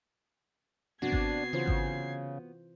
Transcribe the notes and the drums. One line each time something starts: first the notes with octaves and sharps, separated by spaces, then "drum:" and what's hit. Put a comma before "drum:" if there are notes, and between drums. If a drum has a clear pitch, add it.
C3 B3 C4 D4 F#4 G#6 C7
drum: kick G#1
C#3 E3 F4 C5
drum: kick G#1